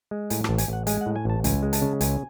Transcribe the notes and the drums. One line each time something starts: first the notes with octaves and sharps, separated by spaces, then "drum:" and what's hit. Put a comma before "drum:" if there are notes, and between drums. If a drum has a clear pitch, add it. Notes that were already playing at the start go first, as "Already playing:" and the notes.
G#3
A2 G#5, drum: hi-hat
A1 A5, drum: rim click
G#5, drum: hi-hat
A1 F#5
G#3 G#5, drum: hi-hat
F#5
A2
G#5
A1 A5
C#2 G#5, drum: hi-hat
G#3
A5, drum: hi-hat
C#3
C#2 G#5, drum: hi-hat